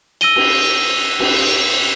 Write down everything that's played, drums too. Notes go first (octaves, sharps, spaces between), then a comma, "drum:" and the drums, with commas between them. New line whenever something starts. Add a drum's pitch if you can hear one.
E6 A#6 D#7 G7, drum: cymbal
drum: cymbal
drum: cymbal